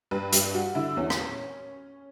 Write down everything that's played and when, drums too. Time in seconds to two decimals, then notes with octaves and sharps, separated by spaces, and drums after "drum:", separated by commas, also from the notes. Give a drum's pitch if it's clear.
0.11 G2 B4
0.33 G2 G4, drum: hi-hat
0.54 G3 F#4
0.75 D3 E4
0.97 E2 C#4
1.10 drum: rim click